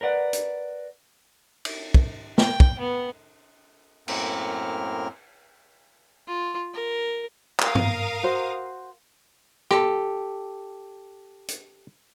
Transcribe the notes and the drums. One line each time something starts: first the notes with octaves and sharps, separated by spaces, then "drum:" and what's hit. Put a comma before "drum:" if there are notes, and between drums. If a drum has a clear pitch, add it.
A#4 B4 D5 F#5
drum: hi-hat
drum: cymbal
drum: kick
G5, drum: snare
drum: kick
B3
F#2 A2 A#3 C4 A#4 F6, drum: cymbal
F4
A#4
A#4 F5 D#6, drum: clap
drum: tom G2
F#4 C5
G4 A4, drum: rim click
drum: hi-hat